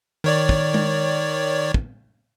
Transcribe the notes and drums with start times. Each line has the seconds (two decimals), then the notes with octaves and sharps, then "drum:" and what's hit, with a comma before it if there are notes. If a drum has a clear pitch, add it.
0.24 D#3 C#5 D5
0.49 drum: kick
0.74 drum: tom
1.74 drum: kick